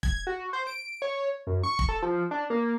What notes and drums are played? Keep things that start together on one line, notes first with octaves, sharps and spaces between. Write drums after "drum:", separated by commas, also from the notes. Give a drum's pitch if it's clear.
G#6, drum: kick
F#4
C5
D7
C#5
F#2
C#6
drum: kick
A4
F3
D4
A#3